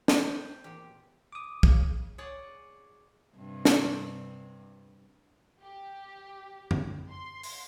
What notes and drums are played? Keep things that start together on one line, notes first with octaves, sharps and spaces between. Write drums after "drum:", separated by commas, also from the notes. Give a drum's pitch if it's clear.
C4 F#4 B4 G5, drum: snare
E2 A#2 G4
D6 D#6
C#3, drum: kick
G#4 C#5 D5 F#5
G2 C3
drum: snare
G4
drum: tom F#2
C6
drum: open hi-hat